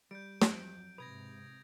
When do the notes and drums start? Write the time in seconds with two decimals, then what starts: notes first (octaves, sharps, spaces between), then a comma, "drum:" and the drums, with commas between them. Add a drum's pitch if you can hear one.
0.11 G3 G6 D7
0.42 F2 F#3, drum: snare
0.98 G#2 C3 B4 D#6 G#6 A#6